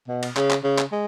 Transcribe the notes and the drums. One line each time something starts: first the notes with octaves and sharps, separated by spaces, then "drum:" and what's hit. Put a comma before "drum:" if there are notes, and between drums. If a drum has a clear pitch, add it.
B2
drum: cymbal
C#3, drum: clap
drum: clap
C#3
drum: clap
G#3